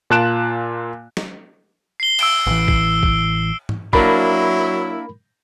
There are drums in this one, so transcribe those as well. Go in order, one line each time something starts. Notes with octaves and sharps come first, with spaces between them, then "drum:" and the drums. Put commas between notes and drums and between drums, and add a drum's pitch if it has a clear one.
A#2 F4 A5 F#6 D7 E7
drum: snare
C7 G7
E6 D7 E7, drum: cymbal
A1 E3
C7, drum: kick
drum: kick
drum: tom G#2
F#3 A#3 D4 E4 A#4 B5, drum: kick